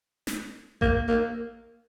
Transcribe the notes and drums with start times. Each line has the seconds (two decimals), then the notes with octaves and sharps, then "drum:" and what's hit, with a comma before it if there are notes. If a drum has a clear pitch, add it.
0.27 drum: snare
0.81 A#3, drum: kick A1
1.08 A#3